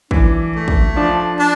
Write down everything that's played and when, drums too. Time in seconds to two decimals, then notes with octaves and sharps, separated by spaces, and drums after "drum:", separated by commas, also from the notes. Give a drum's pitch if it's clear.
0.11 E3 D4, drum: kick
0.54 A3
0.68 drum: kick
0.96 F3 D4
1.39 D4